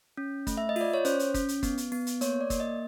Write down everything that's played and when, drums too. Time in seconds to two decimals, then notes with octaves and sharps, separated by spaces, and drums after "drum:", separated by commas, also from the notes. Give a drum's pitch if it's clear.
0.17 C#4
0.47 A3, drum: kick, hi-hat
0.57 E5
0.69 D#5
0.76 F4 D5, drum: open hi-hat
0.94 C#5
1.05 C#4 C5, drum: hi-hat
1.19 drum: hi-hat
1.34 C#4, drum: kick, hi-hat
1.49 drum: hi-hat
1.63 B3, drum: kick, hi-hat
1.78 drum: hi-hat
1.92 B3, drum: open hi-hat
2.07 drum: hi-hat
2.21 A#3 C#5, drum: hi-hat
2.41 D5
2.50 A#3, drum: kick, hi-hat
2.60 D#5